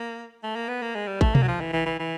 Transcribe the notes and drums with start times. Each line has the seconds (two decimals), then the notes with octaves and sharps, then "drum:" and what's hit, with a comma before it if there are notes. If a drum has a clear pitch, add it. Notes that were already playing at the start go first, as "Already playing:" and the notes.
Already playing: A#3
0.43 A3
0.56 A#3
0.69 B3
0.82 A#3
0.95 G#3
1.07 G3
1.21 A3, drum: kick
1.35 A#3, drum: tom B2
1.42 F#3
1.48 F3
1.61 E3
1.73 E3
1.86 E3
2.00 E3